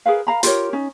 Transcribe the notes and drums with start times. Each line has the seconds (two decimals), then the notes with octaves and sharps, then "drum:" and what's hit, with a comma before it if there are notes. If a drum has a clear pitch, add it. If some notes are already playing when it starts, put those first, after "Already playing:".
0.06 G#4 A#4 B4 F5
0.27 A#4 F5 A#5 B5
0.43 F4 G4 A#4 C#5, drum: hi-hat
0.73 C#4 D#4